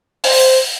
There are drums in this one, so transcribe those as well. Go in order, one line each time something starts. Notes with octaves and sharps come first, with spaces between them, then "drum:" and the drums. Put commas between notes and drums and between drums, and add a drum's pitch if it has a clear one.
C5, drum: open hi-hat